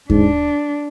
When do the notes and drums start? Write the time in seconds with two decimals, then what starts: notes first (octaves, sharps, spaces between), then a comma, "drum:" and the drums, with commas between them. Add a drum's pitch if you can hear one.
0.10 G#2 D4, drum: kick D#2